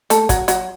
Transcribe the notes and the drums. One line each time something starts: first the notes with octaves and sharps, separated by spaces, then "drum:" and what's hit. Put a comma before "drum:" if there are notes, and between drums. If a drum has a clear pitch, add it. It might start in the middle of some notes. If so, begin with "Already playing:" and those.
A3 A4, drum: hi-hat
F#3 F#4, drum: kick G1, hi-hat
F#3 F#4, drum: hi-hat